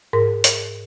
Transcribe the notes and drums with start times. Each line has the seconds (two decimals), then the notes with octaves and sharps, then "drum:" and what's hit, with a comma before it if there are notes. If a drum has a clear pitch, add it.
0.13 G#2 A#4
0.44 drum: hi-hat